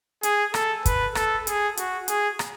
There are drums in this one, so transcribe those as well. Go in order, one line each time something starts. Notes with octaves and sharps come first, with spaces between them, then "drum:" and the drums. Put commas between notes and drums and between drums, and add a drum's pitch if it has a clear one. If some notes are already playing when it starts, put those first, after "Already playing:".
G#4, drum: hi-hat
A4, drum: rim click
B4, drum: kick, hi-hat
A4, drum: rim click
G#4, drum: hi-hat
F#4, drum: hi-hat
G#4, drum: hi-hat
drum: rim click